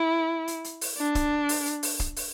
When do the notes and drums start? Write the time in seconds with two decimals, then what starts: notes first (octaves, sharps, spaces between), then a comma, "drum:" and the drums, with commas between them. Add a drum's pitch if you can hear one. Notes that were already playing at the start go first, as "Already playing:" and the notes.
Already playing: E4
0.48 drum: hi-hat
0.64 drum: hi-hat
0.81 drum: open hi-hat
0.98 D4
1.15 drum: kick, hi-hat
1.49 drum: open hi-hat
1.66 drum: hi-hat
1.83 drum: open hi-hat
2.00 drum: kick, hi-hat
2.16 drum: open hi-hat